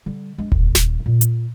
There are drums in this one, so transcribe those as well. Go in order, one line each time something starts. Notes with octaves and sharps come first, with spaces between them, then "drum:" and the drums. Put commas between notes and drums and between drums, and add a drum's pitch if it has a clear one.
D3 G3
G#3 D4
D#1, drum: kick F1
drum: snare
A#2
drum: hi-hat